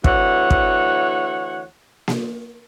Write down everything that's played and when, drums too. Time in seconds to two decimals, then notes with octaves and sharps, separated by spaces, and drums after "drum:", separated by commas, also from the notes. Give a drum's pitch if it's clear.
0.04 D2 E3 C#5 F#5, drum: kick
0.50 drum: kick
2.08 drum: snare A#3